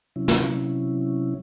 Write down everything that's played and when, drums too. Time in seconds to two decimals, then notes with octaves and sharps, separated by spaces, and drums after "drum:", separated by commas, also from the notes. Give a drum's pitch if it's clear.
0.16 C3 F#3 C#4 E4
0.28 drum: snare